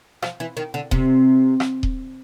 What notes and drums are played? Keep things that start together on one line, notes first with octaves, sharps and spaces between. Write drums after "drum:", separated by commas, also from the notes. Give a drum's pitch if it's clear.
F3, drum: rim click
E3
D#3
D3
C3, drum: kick D#1
drum: rim click
drum: kick D#1